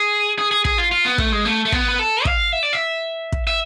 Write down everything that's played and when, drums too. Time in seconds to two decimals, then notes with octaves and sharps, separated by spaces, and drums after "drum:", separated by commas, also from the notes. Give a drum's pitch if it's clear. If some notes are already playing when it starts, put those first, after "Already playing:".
Already playing: G#4
0.39 G#4
0.52 G#4
0.65 G#4, drum: kick
0.78 F4
0.92 F4
1.05 B3
1.18 A3, drum: kick
1.32 G#3
1.45 A3
1.65 A3
1.72 B3, drum: kick
1.88 B4
1.99 A4
2.25 F5, drum: kick
2.52 E5
2.63 D5
2.73 E5
3.32 drum: kick
3.47 E5